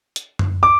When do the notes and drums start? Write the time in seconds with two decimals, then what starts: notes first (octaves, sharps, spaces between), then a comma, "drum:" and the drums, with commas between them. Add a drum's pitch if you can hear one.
0.16 drum: hi-hat
0.39 drum: tom F#2
0.63 D6